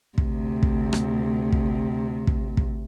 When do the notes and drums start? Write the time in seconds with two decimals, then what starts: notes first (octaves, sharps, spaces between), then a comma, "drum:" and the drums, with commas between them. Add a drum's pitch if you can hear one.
0.18 D2 C3, drum: kick
0.63 drum: kick
0.93 drum: rim click
1.53 drum: kick
2.27 drum: kick
2.57 drum: kick